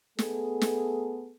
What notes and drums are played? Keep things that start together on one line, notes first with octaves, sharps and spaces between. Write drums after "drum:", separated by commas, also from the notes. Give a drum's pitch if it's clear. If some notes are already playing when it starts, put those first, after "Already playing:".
A3 B3 G#4 A4, drum: snare
drum: snare